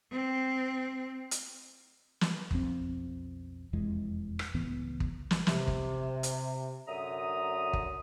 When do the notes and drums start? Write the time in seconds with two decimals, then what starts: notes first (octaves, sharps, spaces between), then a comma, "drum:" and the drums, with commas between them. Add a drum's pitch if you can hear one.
0.11 C4
1.31 drum: hi-hat
2.21 drum: snare
2.51 B1 F2 C4, drum: kick
3.73 E1 F2 E3 G#3
4.39 drum: rim click
4.54 C#2 A2 E3 B3
5.00 drum: kick
5.31 drum: snare
5.47 C3, drum: snare
5.68 drum: kick
6.23 drum: hi-hat
6.87 F#2 D3 E5 A#5 D#6
7.73 drum: kick